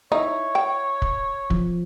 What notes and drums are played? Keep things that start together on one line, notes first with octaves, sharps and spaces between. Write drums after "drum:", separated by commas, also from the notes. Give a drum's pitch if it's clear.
D#4 C#5 E5
G5
drum: kick
F3, drum: kick